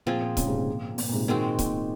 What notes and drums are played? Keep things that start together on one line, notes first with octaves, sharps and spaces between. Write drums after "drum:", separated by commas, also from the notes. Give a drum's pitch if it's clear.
A#2 F3 C4 F4 G#4
A#2
A#2 C#3, drum: kick, hi-hat
G#2 C3
A#2
A#2, drum: open hi-hat
A#2
G#2 C3
A#2 D#3 G#3 C4 F#4
A#2, drum: kick, hi-hat